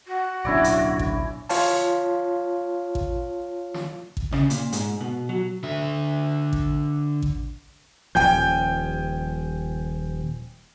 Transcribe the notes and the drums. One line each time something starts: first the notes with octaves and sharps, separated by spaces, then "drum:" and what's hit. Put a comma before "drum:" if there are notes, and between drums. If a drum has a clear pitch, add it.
F#4
D1 B1 C#4 D4 E4 D5
drum: hi-hat
drum: kick A1
F4 C#5 F5 A5, drum: open hi-hat
drum: kick A1
drum: snare
drum: kick A1
C#3, drum: rim click
A#2, drum: hi-hat
G#2, drum: hi-hat
B2
F#3
D3 E5
drum: kick A1
drum: kick A1
D#1 F3 G5 G#5 G6